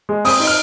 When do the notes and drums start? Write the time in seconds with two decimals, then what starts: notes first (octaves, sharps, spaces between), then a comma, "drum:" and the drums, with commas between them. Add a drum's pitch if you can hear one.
0.09 G#3
0.25 C4 D#6, drum: open hi-hat
0.40 D#4, drum: open hi-hat
0.47 F6